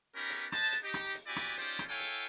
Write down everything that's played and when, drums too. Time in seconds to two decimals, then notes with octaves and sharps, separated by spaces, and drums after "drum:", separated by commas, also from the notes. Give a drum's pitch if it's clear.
0.16 B3 C#4 D#4 G4 A#4 B5
0.30 drum: hi-hat
0.52 B4 C5 D#5 A5, drum: rim click
0.73 drum: hi-hat
0.84 D#4 G4
0.94 drum: rim click
1.15 drum: hi-hat
1.27 B3 E4 F#4 G4 D5 G#5
1.36 drum: rim click
1.58 C#4 D#4 F4 G4 C5 D5, drum: hi-hat
1.79 drum: rim click
1.90 E4 A4 C#5 F5 G5 G#5
2.00 drum: hi-hat